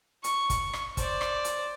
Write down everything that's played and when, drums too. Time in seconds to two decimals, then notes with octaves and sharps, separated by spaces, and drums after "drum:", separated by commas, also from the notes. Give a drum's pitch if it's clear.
0.24 C#6, drum: hi-hat
0.50 drum: kick, hi-hat
0.73 drum: rim click
0.97 C5 D5, drum: kick, hi-hat
1.21 drum: rim click
1.45 drum: hi-hat